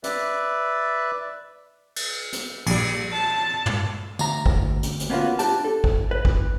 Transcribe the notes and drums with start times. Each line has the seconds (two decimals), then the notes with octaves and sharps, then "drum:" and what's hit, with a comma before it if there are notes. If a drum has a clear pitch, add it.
0.04 B4 D5 E5, drum: hi-hat
1.96 drum: cymbal
2.33 drum: hi-hat
2.67 A#1 G3, drum: cymbal
3.13 A5
3.66 drum: tom
4.19 D2 A#5, drum: tambourine
4.46 drum: kick G#1
4.83 drum: hi-hat
5.00 drum: hi-hat
5.10 A#3 B3 C#4 D4 F4 F#4
5.39 D4 G4 A5, drum: hi-hat
5.65 A4
5.84 drum: kick G#1
6.11 B4
6.25 drum: kick G#1